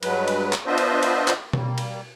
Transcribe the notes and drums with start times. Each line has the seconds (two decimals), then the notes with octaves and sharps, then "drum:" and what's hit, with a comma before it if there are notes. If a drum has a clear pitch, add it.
0.03 G2 F#3 G#3 B4, drum: cymbal
0.28 drum: cymbal
0.53 drum: clap
0.66 B3 D4 F4 C5 D#5 E5
0.78 drum: cymbal
1.03 drum: cymbal
1.28 drum: clap
1.53 G3 A#3, drum: tom B2
1.78 drum: cymbal